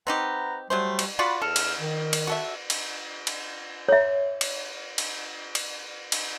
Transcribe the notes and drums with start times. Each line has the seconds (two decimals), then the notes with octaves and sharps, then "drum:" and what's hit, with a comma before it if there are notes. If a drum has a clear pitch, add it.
0.07 C4 D#4 G4 B4 F#5 A#5
0.70 F#3 G3 A3 C5
0.99 drum: cymbal
1.19 F4 F#4 D5 F#5 B5
1.42 E2 A4 E6 F6
1.56 drum: cymbal
1.81 D#3
2.13 drum: cymbal
2.27 F#4 A4 E5
2.70 drum: cymbal
3.27 drum: cymbal
3.88 C#5 E5
4.41 drum: cymbal
4.98 drum: cymbal
5.55 drum: cymbal
6.12 drum: cymbal